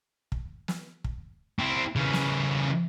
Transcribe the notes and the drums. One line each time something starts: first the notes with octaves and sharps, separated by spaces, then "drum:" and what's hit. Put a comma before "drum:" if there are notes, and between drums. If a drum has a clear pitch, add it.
drum: kick
drum: snare
drum: kick
C4 E4
C#3 E3
drum: snare